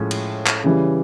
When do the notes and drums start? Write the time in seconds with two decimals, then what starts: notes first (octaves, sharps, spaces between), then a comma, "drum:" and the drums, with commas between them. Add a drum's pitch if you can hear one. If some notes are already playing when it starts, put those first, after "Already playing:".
Already playing: A2 F3 G#3 C#4
0.11 drum: cymbal
0.47 drum: clap
0.64 C#3 E3 G3